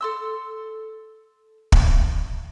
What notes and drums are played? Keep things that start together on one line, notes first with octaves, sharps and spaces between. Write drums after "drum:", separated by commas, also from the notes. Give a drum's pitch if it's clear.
A4 C6 E6
drum: kick